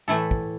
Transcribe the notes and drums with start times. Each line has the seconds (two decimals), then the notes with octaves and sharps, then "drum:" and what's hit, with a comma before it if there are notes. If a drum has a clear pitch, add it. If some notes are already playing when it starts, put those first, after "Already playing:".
0.08 A2 E3 A3 E4 A4
0.31 drum: kick